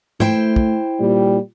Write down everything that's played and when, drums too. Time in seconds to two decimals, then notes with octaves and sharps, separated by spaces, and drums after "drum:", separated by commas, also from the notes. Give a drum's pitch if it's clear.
0.20 A3 E4 C5 G5, drum: tom G#2
0.56 drum: kick
1.00 A#2 G3